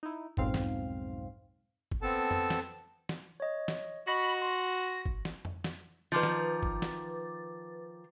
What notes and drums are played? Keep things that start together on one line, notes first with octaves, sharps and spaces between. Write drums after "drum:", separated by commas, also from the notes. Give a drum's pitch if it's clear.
D#4 E4
B1 F2 G#2 C4 F5, drum: kick
drum: snare
drum: kick
B3 C4 A4 A5
drum: tom F2
drum: snare
drum: snare
C#5 D#5
drum: snare
F#4 D#5 B5 C#6 A#6
C6 A#6
drum: kick
drum: snare
drum: tom F2
drum: snare
D#3 F3 B4 D6 A6
drum: snare
drum: kick
drum: snare